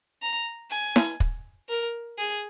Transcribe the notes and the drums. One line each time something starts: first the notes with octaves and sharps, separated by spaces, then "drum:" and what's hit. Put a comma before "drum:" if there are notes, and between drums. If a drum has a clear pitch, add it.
A#5
G#5
drum: snare E4
drum: kick
A#4
G#4